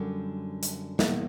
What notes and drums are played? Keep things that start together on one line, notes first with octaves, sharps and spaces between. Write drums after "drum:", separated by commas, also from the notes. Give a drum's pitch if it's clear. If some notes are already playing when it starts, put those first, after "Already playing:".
Already playing: F#2 D3 G3
drum: hi-hat
E2 B2 G3 A#3, drum: snare